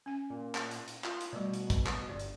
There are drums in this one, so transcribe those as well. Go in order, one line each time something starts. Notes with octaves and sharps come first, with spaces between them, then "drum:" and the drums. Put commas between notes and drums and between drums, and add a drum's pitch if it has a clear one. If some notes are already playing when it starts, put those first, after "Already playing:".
C#4 G#5
A#2
drum: clap
drum: hi-hat
drum: hi-hat
F4, drum: clap
drum: hi-hat
B2 G3 A3 D5
drum: hi-hat
drum: kick, hi-hat
drum: clap
G1 D5
drum: hi-hat